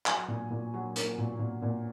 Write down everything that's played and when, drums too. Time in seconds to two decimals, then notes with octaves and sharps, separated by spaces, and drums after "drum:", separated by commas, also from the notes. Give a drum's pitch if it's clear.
0.06 F#3 G#5, drum: clap
0.28 A#2
0.51 A#2
0.74 F#3
0.96 A#3, drum: hi-hat
1.18 A#2
1.39 A#2
1.62 A#2